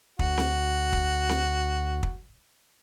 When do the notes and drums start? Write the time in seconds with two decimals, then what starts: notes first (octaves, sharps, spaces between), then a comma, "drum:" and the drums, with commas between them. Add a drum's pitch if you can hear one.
0.19 D2 F#4, drum: kick
0.38 drum: snare C4
0.93 drum: kick
1.29 drum: snare C4
2.03 drum: kick